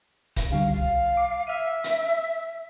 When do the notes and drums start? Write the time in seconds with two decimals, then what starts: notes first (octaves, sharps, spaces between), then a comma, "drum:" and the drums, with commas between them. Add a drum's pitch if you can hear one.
0.36 drum: kick D#1, hi-hat
0.50 C#2 D3 G3 F5
0.72 B1 F5
1.17 D6
1.47 E5 F6 D#7
1.84 drum: hi-hat